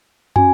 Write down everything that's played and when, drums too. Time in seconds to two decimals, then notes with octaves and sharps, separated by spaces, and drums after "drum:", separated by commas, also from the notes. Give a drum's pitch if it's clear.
0.36 C#4 F#4 G#5, drum: tom